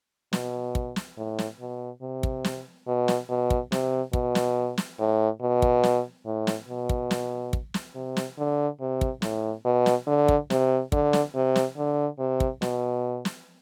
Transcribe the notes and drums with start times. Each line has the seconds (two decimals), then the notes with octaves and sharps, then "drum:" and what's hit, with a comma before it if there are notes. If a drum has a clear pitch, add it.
0.33 B2, drum: snare
0.75 drum: kick
0.96 drum: snare
1.17 A2
1.39 drum: snare
1.60 B2
2.02 C3
2.23 drum: kick
2.44 drum: snare
2.87 B2
3.08 drum: snare
3.29 B2
3.50 drum: kick
3.72 C3, drum: snare
4.13 B2, drum: kick
4.35 drum: snare
4.78 drum: snare
4.99 A2
5.41 B2
5.62 drum: kick
5.83 drum: snare
6.26 A2
6.47 drum: snare
6.69 B2
6.89 drum: kick
7.11 drum: snare
7.53 drum: kick
7.74 drum: snare
7.95 C3
8.17 drum: snare
8.38 D3
8.80 C3
9.01 drum: kick
9.22 A2, drum: snare
9.65 B2
9.86 drum: snare
10.07 D3
10.28 drum: kick
10.50 C3, drum: snare
10.92 D3, drum: kick
11.13 drum: snare
11.35 C3
11.56 drum: snare
11.77 D3
12.18 C3
12.40 drum: kick
12.62 B2, drum: snare
13.25 drum: snare